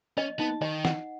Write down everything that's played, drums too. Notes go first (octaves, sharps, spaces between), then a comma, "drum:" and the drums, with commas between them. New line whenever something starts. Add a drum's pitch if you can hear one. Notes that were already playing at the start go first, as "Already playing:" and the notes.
C#4 D#5
B3 D#4
D#3 D#5
F#5, drum: snare